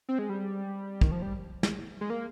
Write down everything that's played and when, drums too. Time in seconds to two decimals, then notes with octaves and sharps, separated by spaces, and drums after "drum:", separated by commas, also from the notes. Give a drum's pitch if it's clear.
0.09 C4
0.19 G#3
0.29 G3
1.01 D#3, drum: kick
1.12 F3
1.22 G3
1.63 drum: snare
2.01 G#3
2.10 A#3